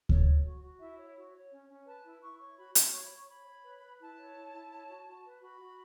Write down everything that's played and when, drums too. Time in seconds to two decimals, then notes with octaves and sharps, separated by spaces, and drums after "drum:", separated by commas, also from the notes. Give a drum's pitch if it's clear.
0.09 A4 C#5, drum: kick D2
0.27 C#5
0.45 F#4
0.63 F#4
0.80 E4 E5
0.98 C#5
1.16 F#4
1.33 C#5
1.52 C#4
1.69 C#4
1.87 B4 A5
2.04 E4
2.22 E4 C#6
2.39 C#5 C#6
2.58 F#4 B5
2.75 F#4 B5, drum: hi-hat
2.93 C#5 C#6
3.06 B5
3.11 C#5
3.17 C#6
3.29 C#5 B5
3.46 C#5
3.64 B4
3.82 B4
4.00 E4 A5
4.17 C#5
4.35 E4
4.53 E4
4.71 C#5
4.88 F#4
5.07 F#4
5.24 B4
5.42 F#4 B5
5.60 F#4